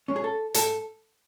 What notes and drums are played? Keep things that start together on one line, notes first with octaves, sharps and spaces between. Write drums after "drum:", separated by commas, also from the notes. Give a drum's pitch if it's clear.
G#3 C#4
G#4
A4
G#2 A4, drum: hi-hat